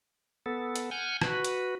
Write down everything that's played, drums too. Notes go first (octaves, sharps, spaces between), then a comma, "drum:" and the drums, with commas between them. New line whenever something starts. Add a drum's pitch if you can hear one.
B3 A4
drum: hi-hat
F#5 G#5 F6 G6
F#4 B4, drum: rim click
drum: hi-hat